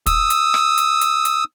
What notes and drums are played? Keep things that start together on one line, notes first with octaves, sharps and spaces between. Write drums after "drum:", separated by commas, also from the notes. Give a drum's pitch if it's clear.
D#6 E6, drum: kick, hi-hat
drum: hi-hat
drum: rim click
drum: hi-hat
drum: hi-hat
drum: hi-hat